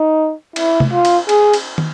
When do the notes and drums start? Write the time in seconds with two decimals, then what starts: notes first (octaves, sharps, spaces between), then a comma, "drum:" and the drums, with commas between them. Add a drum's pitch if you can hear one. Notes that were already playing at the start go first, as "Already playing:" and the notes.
Already playing: D#4
0.56 E4, drum: cymbal
0.80 drum: tom C3
0.92 F4
1.05 drum: cymbal
1.29 G#4, drum: cymbal
1.54 drum: cymbal
1.78 drum: tom